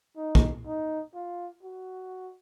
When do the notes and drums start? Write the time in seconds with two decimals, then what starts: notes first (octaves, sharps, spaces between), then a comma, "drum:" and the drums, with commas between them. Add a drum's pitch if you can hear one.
0.16 D#4
0.35 drum: kick B1
0.66 D#4
1.14 F4
1.63 F#4